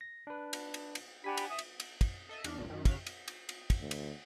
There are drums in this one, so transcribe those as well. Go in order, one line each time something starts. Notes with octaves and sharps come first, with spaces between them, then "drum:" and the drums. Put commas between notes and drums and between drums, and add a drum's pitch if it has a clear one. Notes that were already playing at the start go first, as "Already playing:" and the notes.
A#6
D4 B4
drum: cymbal
drum: cymbal
drum: cymbal
D4 G4 F#5 G#5 B5 B6
drum: cymbal
E5 D#6
drum: cymbal
drum: cymbal
drum: kick, cymbal
A4 D#5 E5
E2 D4 F6, drum: cymbal
G#1 D2 A#2
F#2 D#3
C#3 F#4 F5 B6, drum: kick, cymbal
drum: cymbal
drum: cymbal
drum: cymbal
drum: kick, cymbal
D2
drum: cymbal